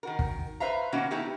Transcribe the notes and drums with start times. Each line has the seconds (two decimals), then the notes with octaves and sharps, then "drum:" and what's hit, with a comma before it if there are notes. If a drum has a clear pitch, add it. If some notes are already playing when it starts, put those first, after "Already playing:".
0.03 D#3 F#4 A#4
0.19 drum: kick
0.60 B4 C5 E5 F5 A#5
0.92 B2 D#3 A#3 C#4 F#4
1.11 A3 B3 D#4 E4 G4